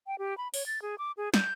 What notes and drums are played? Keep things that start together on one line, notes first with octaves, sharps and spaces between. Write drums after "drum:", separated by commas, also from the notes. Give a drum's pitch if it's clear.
G5
G4
B5
C#5, drum: open hi-hat
A6
G#4
D6
G#4
G6, drum: snare